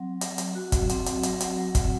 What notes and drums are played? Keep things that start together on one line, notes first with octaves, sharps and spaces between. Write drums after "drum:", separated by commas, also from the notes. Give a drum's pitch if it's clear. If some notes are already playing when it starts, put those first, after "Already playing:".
Already playing: F#3 C4 F#5
F#3, drum: hi-hat
drum: hi-hat
F#4
drum: kick, hi-hat
C4 F#5, drum: hi-hat
drum: hi-hat
F#3 F#5, drum: hi-hat
drum: hi-hat
F#3 F#5
drum: kick, hi-hat